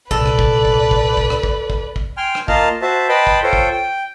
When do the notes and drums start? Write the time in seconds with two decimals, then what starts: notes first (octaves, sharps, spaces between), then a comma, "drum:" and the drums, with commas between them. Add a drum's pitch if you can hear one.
0.11 C2 A#2 A4 B4 D5, drum: kick
0.26 drum: rim click
0.39 drum: kick
0.65 drum: kick
0.91 drum: kick
1.17 drum: kick
1.30 drum: rim click
1.43 drum: kick
1.70 drum: kick
1.96 drum: kick
2.17 G5 G#5 C6 F6
2.35 drum: rim click
2.48 A#3 F4 D#5 F5 A5 F6, drum: kick
2.82 F#4 C5 E5 A5
3.09 B4 D#5 G5 A5 B5 C6
3.27 drum: kick
3.43 F4 A4 C5 C#5 G5
3.53 drum: kick
3.72 G5